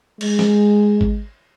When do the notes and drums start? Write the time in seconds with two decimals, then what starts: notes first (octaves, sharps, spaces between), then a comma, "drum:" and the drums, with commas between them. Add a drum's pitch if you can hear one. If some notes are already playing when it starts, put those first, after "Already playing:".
0.21 G#3, drum: cymbal
0.39 drum: snare
1.01 drum: kick G#1